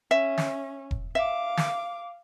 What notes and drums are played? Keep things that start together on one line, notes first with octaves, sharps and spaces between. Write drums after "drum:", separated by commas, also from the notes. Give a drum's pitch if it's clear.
C#4 E5
drum: snare
drum: kick E1
E5 F5 D6
drum: snare